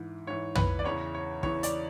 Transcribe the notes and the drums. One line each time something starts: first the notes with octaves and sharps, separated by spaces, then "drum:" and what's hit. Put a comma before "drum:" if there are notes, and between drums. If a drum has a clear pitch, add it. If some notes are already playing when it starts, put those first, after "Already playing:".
Already playing: G#2 E3
G#2 E3 C#5
B4, drum: tom
D5
E2 C#3 E3 C#5
C#5
E2 C#3 E3 C#5, drum: kick
D5, drum: hi-hat